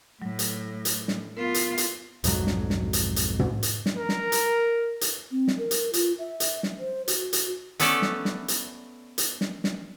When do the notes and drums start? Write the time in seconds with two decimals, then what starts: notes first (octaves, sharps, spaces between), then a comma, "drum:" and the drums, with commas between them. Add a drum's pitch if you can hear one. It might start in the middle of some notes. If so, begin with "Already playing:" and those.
0.22 A2 F#3
0.39 drum: hi-hat
0.85 drum: hi-hat
1.08 drum: snare
1.37 B3 F4 A#4
1.54 drum: hi-hat
1.78 drum: hi-hat
2.24 B1 F2 G#2 F#3, drum: hi-hat
2.47 drum: snare
2.70 drum: snare
2.93 drum: hi-hat
3.16 drum: hi-hat
3.39 drum: tom
3.63 drum: hi-hat
3.86 drum: snare
3.97 A#4
4.09 drum: snare
4.32 drum: hi-hat
5.01 drum: hi-hat
5.31 C4
5.48 drum: snare
5.58 A#4
5.71 drum: hi-hat
5.93 F4, drum: hi-hat
6.18 E5
6.40 drum: hi-hat
6.63 drum: snare
6.79 C5
7.08 F#4, drum: hi-hat
7.33 drum: hi-hat
7.80 A3 B3 C#4 A4 D5, drum: hi-hat
8.02 drum: snare
8.25 drum: snare
8.48 drum: hi-hat
9.18 drum: hi-hat
9.41 drum: snare
9.64 drum: snare